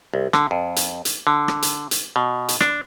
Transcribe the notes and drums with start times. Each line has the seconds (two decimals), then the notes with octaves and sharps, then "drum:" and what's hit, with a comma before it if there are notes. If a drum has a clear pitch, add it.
0.14 C2
0.33 D3, drum: rim click
0.51 F2
0.76 drum: hi-hat
1.05 drum: hi-hat
1.27 D3
1.48 drum: rim click
1.62 drum: hi-hat
1.91 drum: hi-hat
2.16 B2
2.49 drum: hi-hat
2.61 D4, drum: rim click